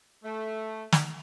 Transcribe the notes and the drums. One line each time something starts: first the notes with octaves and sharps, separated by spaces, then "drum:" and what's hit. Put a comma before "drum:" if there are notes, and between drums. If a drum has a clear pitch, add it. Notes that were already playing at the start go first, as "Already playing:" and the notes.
A3
drum: snare